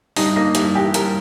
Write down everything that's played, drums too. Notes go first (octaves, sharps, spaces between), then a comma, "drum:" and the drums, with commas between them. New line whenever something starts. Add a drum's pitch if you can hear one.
G2 D#4, drum: open hi-hat
A#3 D#4
G2 E4, drum: hi-hat
E3 G4
G2 A#4, drum: hi-hat